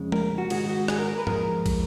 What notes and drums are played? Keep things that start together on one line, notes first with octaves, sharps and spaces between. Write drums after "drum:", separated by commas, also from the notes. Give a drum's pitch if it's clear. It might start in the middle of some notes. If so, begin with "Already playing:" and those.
Already playing: F2 C#3 G#3
A#4, drum: tom
F#4
G#2 D#3 G#3 F#4, drum: cymbal
F#4
G#4, drum: rim click
A#4
A#4
B4
G#2 F3 G#3 A#4, drum: tom G#2
drum: kick, cymbal